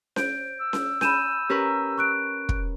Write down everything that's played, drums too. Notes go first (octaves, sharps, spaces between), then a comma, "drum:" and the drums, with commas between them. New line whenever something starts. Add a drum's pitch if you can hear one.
C5 G6 D7, drum: snare C#4
E6
drum: snare C#4
G#5 B5 G6 D#7 E7, drum: snare C#4
C#4 G4 A#4 B4
C#6 F#6 D7
drum: kick